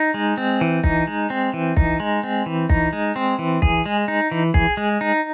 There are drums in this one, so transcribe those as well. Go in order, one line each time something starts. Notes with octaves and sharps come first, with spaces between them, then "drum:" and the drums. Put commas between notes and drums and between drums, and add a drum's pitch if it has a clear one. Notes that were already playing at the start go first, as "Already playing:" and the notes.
Already playing: D#4
G#3
C4
E3
D#4, drum: kick
G#3
C4
E3
D#4, drum: kick
G#3
C4
E3
D#4, drum: kick
G#3
C4
E3
G#4, drum: kick
G#3
D#4
E3
G#4, drum: kick
G#3
D#4